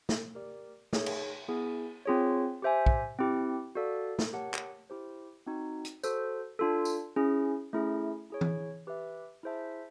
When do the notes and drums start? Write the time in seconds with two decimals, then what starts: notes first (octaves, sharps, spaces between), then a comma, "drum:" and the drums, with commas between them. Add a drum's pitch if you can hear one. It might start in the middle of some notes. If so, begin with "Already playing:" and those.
0.09 drum: snare
0.35 G4 A#4 D5
0.93 D#4 G#4 C#5 E5, drum: snare
1.06 drum: cymbal
1.48 B3 E4 G#4
2.05 C4 F4 G#4 C#5
2.62 G4 C5 E5 G#5
2.86 drum: kick
3.19 C4 E4 G4
3.75 F#4 A4 D5 F5
4.19 drum: snare
4.33 G4 A#4 C#5 F#5 A5
4.54 drum: clap
4.90 E4 G4 C5
5.47 C4 D#4 F#4
5.85 drum: hi-hat
6.04 F#4 A4 C5, drum: tambourine
6.59 D4 F4 A4
6.85 drum: tambourine
7.16 C#4 E4 G#4
7.73 A3 C#4 E4 G#4
8.30 E4 G#4 C#5
8.41 drum: tom E3
8.87 G4 B4 E5
9.43 E4 G#4 C5 E5 A5